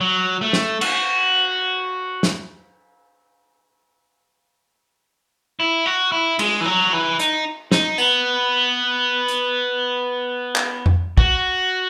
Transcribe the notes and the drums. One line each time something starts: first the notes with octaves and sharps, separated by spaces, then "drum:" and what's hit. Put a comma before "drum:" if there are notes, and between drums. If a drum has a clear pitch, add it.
F#3
A3
drum: snare
F#4, drum: cymbal
drum: snare
E4
F#4
E4
G#3, drum: cymbal
E3
F#3
E3
D#4, drum: hi-hat
D#4, drum: snare
B3, drum: tambourine
drum: hi-hat
drum: clap
drum: tom F2
F#4, drum: kick